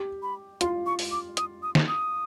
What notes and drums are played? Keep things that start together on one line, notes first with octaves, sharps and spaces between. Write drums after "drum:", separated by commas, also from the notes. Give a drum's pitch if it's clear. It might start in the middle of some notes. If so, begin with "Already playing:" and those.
Already playing: G4
B5
F4 C6, drum: hi-hat
C#6
drum: open hi-hat
D6
D#6, drum: hi-hat
D#6
drum: snare
D#6